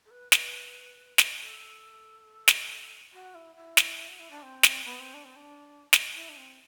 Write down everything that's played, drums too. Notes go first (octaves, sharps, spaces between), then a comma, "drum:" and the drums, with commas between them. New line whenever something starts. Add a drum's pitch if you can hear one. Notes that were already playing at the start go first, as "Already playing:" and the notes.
A4
B4
B4, drum: snare
drum: snare
A4
drum: snare
F#4
E4
E4
drum: snare
F#4
E4
D4
C4
drum: snare
B3
C4
D4
C4
D4
drum: snare
E4
D4
C4